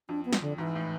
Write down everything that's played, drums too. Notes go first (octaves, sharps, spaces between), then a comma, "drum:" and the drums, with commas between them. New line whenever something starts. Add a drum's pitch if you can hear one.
F2 D4
B3
F2, drum: snare
D3
G#2 E3
A2